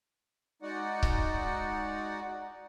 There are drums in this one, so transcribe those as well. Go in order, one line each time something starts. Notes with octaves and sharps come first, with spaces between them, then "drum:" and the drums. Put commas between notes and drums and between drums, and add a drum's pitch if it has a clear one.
G#3 D#4 F#4 D5 F#5
drum: kick C#1